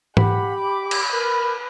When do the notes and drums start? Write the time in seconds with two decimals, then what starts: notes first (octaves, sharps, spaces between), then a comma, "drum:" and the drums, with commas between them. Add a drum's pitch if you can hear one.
0.17 G4 F#5 B5, drum: tom G#2
0.59 D6
0.91 drum: cymbal
1.12 A#4 B4